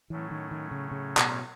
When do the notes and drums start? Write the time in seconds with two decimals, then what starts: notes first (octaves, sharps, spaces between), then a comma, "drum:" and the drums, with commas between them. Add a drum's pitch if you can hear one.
0.10 A2 E3 F#3 A3 C#4
0.31 D#3
0.51 D#3
0.71 C#3
0.92 C#3
1.17 B2, drum: clap